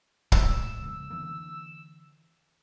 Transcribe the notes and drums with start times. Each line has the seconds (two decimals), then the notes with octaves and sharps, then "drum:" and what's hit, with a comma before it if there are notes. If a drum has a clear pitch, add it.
0.32 A2 G#3 E6, drum: kick
0.82 C2 F2 C#3
1.10 D3 E3 A#3